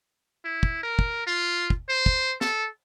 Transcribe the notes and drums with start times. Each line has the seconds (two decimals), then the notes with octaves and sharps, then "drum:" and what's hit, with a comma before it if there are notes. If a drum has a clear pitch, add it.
0.45 E4
0.63 drum: kick
0.83 A#4
0.99 drum: kick
1.27 F4
1.70 drum: kick
1.89 C5
2.06 drum: kick
2.41 A4, drum: snare